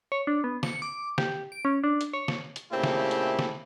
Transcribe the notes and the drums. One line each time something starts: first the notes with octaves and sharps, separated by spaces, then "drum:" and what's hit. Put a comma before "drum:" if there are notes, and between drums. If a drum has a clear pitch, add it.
C#5
D4
B3
C#7, drum: snare
D6
G4, drum: snare
D7
C#4
D4
drum: hi-hat
C#5
drum: snare
drum: hi-hat
A#2 C#3 A3 C4 E4 G4
drum: snare
drum: hi-hat
drum: snare